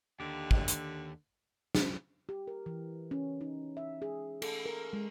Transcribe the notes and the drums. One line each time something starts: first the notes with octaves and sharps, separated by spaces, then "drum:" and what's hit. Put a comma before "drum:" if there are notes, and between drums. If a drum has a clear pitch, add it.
D#2 D3 G4
drum: kick
drum: hi-hat
drum: snare
G4
A#4
E3
C#4
D#4
E5
G#4
A4, drum: cymbal
A#4
G#3